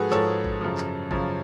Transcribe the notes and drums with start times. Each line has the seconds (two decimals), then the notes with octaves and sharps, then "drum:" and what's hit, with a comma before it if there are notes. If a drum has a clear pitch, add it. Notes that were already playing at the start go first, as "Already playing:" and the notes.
Already playing: G#2 F3 F#4 G#4 A4 B4
0.11 G#2 F3 A4 C#5, drum: clap
0.44 drum: kick G#1
0.61 F#2 C#3 F3
0.77 drum: clap
1.11 F#2 C#3 F3, drum: kick G#1